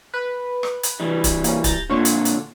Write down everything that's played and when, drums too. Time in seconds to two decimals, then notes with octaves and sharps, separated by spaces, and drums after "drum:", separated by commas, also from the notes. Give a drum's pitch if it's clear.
0.14 B4
0.63 drum: rim click
0.83 drum: hi-hat
1.00 E3 G3
1.24 drum: kick D1, hi-hat
1.44 A#3 C#4, drum: hi-hat
1.64 A#5 G6 A6, drum: kick D1, hi-hat
1.90 A#2 D3 F4 C#5
2.05 drum: hi-hat
2.25 drum: hi-hat